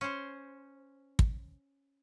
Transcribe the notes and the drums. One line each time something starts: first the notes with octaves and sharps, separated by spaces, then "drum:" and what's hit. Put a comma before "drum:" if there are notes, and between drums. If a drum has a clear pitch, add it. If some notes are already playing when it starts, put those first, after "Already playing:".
C#4 C5
drum: kick